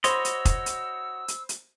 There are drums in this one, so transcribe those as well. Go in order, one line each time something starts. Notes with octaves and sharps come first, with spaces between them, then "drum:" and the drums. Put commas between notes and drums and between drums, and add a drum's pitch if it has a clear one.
F#4 C5 C#5 D#5 B5 C6 E6, drum: hi-hat
drum: hi-hat
drum: kick F1, hi-hat
drum: hi-hat
drum: hi-hat
drum: hi-hat